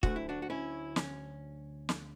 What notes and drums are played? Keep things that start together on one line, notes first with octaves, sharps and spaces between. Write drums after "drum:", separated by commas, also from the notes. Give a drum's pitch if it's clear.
D2 D3 F#3 A3 F#4, drum: kick
E4
D4 F#4
F#4
C#4 E4
C#4, drum: snare
drum: snare